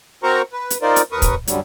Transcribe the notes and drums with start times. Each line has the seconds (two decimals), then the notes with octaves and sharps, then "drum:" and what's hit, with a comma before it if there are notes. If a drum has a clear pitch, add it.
0.23 C4 F#4 A#4 C5 A#5 C#6
0.53 B4
0.70 drum: hi-hat
0.82 D#4 F4 A#4 C5 D5
0.96 drum: hi-hat
1.12 D#2 A#4 B4 C#6 D#6
1.22 drum: kick, hi-hat
1.47 F#2 D3 F#3 G3, drum: hi-hat